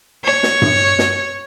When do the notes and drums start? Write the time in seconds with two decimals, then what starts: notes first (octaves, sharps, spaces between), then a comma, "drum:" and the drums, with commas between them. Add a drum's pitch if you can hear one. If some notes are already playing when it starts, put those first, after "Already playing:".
0.25 C#5
0.43 drum: snare
0.62 drum: tom G2
0.99 drum: snare